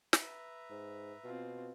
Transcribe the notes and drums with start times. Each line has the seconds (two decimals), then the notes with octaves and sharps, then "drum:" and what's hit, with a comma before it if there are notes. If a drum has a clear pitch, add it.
0.13 B4 E5 A#5, drum: snare
0.70 G#2
1.24 B2 C4 F4